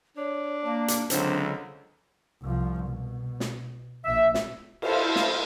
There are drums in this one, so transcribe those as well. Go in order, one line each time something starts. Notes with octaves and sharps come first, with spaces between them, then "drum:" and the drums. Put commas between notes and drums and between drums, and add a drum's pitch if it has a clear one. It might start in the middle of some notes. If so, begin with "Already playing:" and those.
D4 C#5
A#3 A5
drum: hi-hat
C#2 D3 F#3 C4 D4, drum: hi-hat
C2 F3
B2
drum: snare
A#1 E5
drum: snare
E4 A4 C5 F5, drum: cymbal
drum: snare